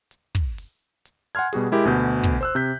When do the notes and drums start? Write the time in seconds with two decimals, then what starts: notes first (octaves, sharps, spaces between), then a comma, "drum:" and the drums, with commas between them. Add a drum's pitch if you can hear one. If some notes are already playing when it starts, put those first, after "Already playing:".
0.11 drum: hi-hat
0.35 drum: kick, hi-hat
0.58 drum: open hi-hat
1.05 drum: hi-hat
1.35 F#5 G#5 C6 F6 G#6
1.53 B2 G3 F#4 G#4, drum: open hi-hat
1.72 G#3 E4 G4 A#4
1.85 D2 B2 G6
2.00 drum: hi-hat
2.23 drum: kick, hi-hat
2.41 C5 E6 F#6
2.55 C3 G6 B6